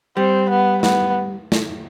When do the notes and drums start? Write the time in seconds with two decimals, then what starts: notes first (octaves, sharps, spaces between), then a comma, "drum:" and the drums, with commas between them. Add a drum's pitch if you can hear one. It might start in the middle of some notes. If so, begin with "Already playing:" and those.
0.17 G3 C4
0.50 B3
0.83 B3, drum: snare
1.52 drum: snare